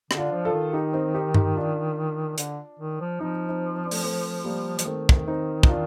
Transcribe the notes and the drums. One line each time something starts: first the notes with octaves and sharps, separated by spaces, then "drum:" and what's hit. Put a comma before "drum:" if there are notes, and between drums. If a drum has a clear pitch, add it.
D3, drum: rim click
D4 F4
F3
F4 A4
D#3
D#4 G4
C4 D#4
D#4 G4
D#4 G4, drum: tom G2
D4 F4
D3, drum: hi-hat
D#3
F3
F3 C4 D#4
C4 D#4
C4
D4
A3 C4, drum: open hi-hat
A3 C4
G3 A#3
F3, drum: hi-hat
D#3 A3 C4
drum: kick
C4 D#4
D#4, drum: kick
D4 F4